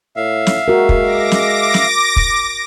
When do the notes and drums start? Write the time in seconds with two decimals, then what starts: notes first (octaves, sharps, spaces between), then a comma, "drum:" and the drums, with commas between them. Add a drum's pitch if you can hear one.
0.16 A2 E5 F5
0.47 drum: snare
0.68 G#3 F#4 A#4
0.89 drum: kick
1.02 D6 A#6
1.31 drum: snare
1.74 drum: snare
2.16 drum: kick